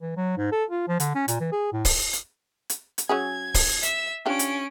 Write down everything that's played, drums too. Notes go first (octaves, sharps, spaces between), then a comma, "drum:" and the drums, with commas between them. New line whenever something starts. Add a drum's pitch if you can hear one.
E3
F#3
G#2
A4
F4
F3
D3, drum: hi-hat
C#4
A#2, drum: hi-hat
E3
G#4
A2
drum: kick, open hi-hat
drum: hi-hat
drum: hi-hat
drum: hi-hat
F#3 C#4 G#4 G#6
drum: kick, open hi-hat
E5 E7, drum: hi-hat
C#4 D4 F4 G4 D7
drum: hi-hat